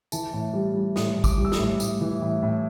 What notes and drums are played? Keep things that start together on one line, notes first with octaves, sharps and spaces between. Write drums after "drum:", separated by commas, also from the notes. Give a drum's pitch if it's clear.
E3 A5, drum: tambourine
A2
G3
G3
A2 D#6, drum: snare
A2
D6, drum: kick, tambourine
G3
E6
D#6, drum: snare
A2
A2, drum: tambourine
E3
A2
A2